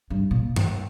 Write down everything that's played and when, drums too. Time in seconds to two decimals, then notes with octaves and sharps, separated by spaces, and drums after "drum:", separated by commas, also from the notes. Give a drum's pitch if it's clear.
0.10 G2
0.31 A#2
0.56 drum: tom G2